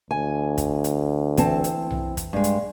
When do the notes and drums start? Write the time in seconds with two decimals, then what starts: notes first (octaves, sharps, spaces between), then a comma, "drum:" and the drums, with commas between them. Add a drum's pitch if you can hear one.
0.11 D2 G#5
0.58 drum: kick, hi-hat
0.84 drum: hi-hat
1.37 E3 C4 A5, drum: kick, hi-hat
1.64 drum: hi-hat
1.91 drum: tom B1
2.17 drum: kick, hi-hat
2.33 G2 G#3
2.44 drum: hi-hat